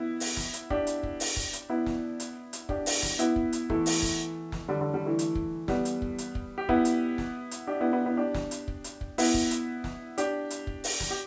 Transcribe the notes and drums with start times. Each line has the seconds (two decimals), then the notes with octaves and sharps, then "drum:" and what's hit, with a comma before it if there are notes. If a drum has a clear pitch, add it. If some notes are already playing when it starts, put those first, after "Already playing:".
Already playing: B3 E4
0.20 drum: open hi-hat
0.37 drum: snare
0.53 drum: hi-hat
0.70 D4 G4, drum: kick
0.87 drum: hi-hat
1.03 drum: kick
1.20 drum: open hi-hat
1.37 drum: kick
1.53 drum: hi-hat
1.69 B3 E4
1.86 drum: snare
2.20 drum: hi-hat
2.53 drum: hi-hat
2.69 D4 G4, drum: kick
2.86 drum: open hi-hat
3.03 drum: snare
3.19 B3 E4, drum: hi-hat
3.36 drum: kick
3.53 drum: hi-hat
3.70 E3 A3, drum: kick
3.86 drum: open hi-hat
4.02 drum: kick
4.52 drum: snare
4.68 D3 G3
4.81 D3
4.94 D3 G3
5.06 E3 A3
5.19 drum: hi-hat
5.35 drum: kick
5.68 G3 B3, drum: snare
5.85 drum: hi-hat
6.02 drum: kick
6.18 drum: hi-hat
6.35 drum: kick
6.58 G4
6.69 B3 E4, drum: kick
6.85 drum: hi-hat
7.18 drum: snare
7.51 drum: hi-hat
7.67 D4 G4
7.81 B3 E4
7.93 B3 E4
8.05 B3 E4
8.17 D4 G4
8.34 drum: snare
8.51 drum: hi-hat
8.68 drum: kick
8.84 drum: hi-hat
9.01 drum: kick
9.18 B3 E4, drum: open hi-hat
9.34 drum: kick
9.51 drum: hi-hat
9.84 drum: snare
10.18 D4 G4, drum: hi-hat
10.50 drum: hi-hat
10.67 drum: kick
10.84 drum: open hi-hat
11.00 drum: snare
11.11 G4